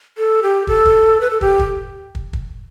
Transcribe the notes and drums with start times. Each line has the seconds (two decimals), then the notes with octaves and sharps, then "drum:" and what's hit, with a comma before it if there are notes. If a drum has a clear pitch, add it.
0.18 A4
0.43 G4
0.67 A4, drum: kick
0.86 drum: kick
1.21 B4
1.31 A4
1.41 G4, drum: kick
1.59 drum: kick
2.15 drum: kick
2.33 drum: kick